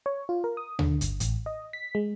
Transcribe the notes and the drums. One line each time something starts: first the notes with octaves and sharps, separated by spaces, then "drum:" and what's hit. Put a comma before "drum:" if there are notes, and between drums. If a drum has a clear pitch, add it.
C#5
F4
A#4
D#6
D3, drum: tom D2
G1, drum: hi-hat
A1, drum: hi-hat
D#5
B6
G#3